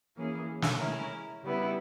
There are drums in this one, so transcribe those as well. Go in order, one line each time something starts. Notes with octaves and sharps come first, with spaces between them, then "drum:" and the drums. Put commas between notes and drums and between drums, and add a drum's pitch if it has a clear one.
E3 A#3 C#4 G#4
drum: snare
G#3 C#4 E4 A#4
C#3 G3 B3 E4